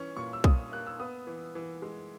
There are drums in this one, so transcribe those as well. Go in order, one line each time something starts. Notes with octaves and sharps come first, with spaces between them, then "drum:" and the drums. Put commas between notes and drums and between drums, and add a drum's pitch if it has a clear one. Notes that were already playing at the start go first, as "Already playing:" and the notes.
Already playing: E3 C#4 C#6
A#2 C#6
E6
A#2 D#6, drum: kick
A#3 F#6
E6
B3 D#6
E3
E3
G#3